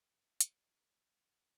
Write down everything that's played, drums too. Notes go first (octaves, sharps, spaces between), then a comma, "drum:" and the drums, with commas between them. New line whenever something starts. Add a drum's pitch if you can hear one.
E4
E4
E4, drum: hi-hat
D#4
D#4
C#4
F#3